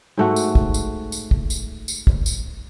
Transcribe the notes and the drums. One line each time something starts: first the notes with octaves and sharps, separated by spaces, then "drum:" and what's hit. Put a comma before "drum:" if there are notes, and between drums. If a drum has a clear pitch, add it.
G#2 A3 F#4
drum: tambourine
drum: kick
drum: tambourine
drum: tambourine
drum: kick
drum: tambourine
drum: tambourine
drum: kick
drum: tambourine